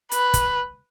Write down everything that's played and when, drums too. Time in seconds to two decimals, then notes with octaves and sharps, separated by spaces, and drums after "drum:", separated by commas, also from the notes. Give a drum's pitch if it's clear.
0.11 B4, drum: hi-hat
0.34 drum: kick, hi-hat